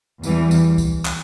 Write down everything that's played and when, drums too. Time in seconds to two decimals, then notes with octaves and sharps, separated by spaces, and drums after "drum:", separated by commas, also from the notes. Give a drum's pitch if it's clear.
0.23 E2 E3 G3, drum: tambourine
0.51 drum: tambourine
0.78 drum: kick C#2, tambourine
1.05 drum: clap